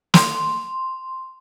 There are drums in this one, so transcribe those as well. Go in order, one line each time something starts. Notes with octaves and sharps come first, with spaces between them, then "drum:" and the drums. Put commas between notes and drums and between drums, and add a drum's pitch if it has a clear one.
C6, drum: snare